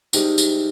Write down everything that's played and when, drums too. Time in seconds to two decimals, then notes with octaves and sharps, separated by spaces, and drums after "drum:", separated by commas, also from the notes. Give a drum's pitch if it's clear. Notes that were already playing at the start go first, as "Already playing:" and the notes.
0.13 C2 C3 G#3 D#4, drum: tambourine
0.38 drum: tambourine